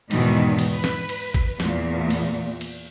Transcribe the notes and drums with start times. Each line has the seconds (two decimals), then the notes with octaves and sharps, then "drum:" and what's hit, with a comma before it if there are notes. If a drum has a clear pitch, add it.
0.11 E2 G#2 B2 D#3 E3, drum: cymbal
0.59 drum: cymbal
0.73 B4
0.84 drum: snare
1.09 drum: cymbal
1.34 drum: kick
1.60 E2 A#2, drum: snare
2.10 drum: cymbal
2.61 drum: cymbal